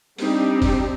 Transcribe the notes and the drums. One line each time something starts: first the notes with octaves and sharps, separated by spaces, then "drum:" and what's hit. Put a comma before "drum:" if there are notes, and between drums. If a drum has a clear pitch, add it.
G3 C4 D4 D#4 G4, drum: open hi-hat
drum: kick, open hi-hat